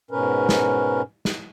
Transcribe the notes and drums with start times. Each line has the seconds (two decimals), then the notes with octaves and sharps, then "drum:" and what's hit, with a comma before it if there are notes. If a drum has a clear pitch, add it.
0.11 G#2 B2 C#4 A#4 B4
0.49 drum: snare
1.25 drum: snare